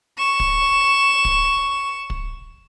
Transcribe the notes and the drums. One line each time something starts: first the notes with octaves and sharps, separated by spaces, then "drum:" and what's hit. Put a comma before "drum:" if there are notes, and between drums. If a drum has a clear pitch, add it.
C#6 E7
drum: kick
drum: kick
drum: kick